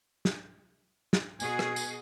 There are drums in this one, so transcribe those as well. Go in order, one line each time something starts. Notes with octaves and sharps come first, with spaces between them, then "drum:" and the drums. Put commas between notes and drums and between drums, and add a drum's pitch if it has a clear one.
drum: snare
drum: snare
B2 F#4 G#4 G#5, drum: tambourine
drum: rim click
drum: tambourine